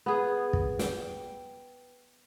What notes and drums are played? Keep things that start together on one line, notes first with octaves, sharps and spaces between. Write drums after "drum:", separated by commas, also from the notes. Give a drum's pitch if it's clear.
B3 G#4
drum: kick
G5, drum: snare